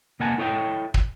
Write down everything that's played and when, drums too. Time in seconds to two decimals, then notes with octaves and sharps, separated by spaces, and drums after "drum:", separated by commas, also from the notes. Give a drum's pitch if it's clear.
0.20 C3 A#3 D#5 F#5 G#5 A5
0.38 E4 A4 C#5 D#5 E5 G5
0.94 drum: kick